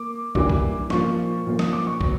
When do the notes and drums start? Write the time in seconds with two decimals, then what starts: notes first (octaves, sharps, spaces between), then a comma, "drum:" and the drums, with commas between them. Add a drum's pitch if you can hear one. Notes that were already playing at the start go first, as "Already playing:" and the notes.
Already playing: A#3 D6
0.35 E3 G3 A#3 D4 D6, drum: kick
0.49 drum: kick
0.90 A#2 F3 A#3 C#6, drum: snare
1.47 A#2 F3 A#3
1.59 D#6, drum: snare
1.73 D6
1.87 C#6
2.01 B2 F#3 B3, drum: kick